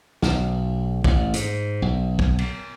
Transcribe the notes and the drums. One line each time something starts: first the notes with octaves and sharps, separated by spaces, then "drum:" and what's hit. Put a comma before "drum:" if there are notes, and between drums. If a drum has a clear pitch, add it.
B1, drum: snare
A1, drum: kick
G#2, drum: hi-hat
B1
drum: kick
drum: cymbal